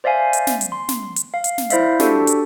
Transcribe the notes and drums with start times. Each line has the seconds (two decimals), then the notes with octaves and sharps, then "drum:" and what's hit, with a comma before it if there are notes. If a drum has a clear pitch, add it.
0.04 C5 D5 E5 F5 G#5
0.33 drum: hi-hat
0.47 drum: snare
0.61 drum: hi-hat
0.72 C6
0.89 drum: snare
1.16 drum: hi-hat
1.34 F5
1.44 drum: hi-hat
1.58 drum: snare
1.70 E4 C5 D5 E5 F5, drum: hi-hat
1.99 D4 F#4 G4 A4 D5, drum: snare
2.27 drum: hi-hat